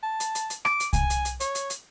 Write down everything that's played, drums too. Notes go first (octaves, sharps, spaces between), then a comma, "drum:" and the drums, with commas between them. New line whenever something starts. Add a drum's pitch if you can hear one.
A5
drum: hi-hat
drum: hi-hat
drum: hi-hat
D6, drum: rim click
drum: hi-hat
G#5, drum: kick C2, hi-hat
drum: hi-hat
drum: hi-hat
C#5, drum: hi-hat
drum: hi-hat
drum: hi-hat